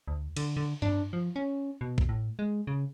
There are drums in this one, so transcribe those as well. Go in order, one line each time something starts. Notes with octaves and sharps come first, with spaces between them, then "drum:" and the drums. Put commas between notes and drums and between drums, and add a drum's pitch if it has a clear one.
D2
D3, drum: cymbal
D3
D4, drum: tom G2
F3
C#4
B2
drum: kick A1
A2
G#3
C#3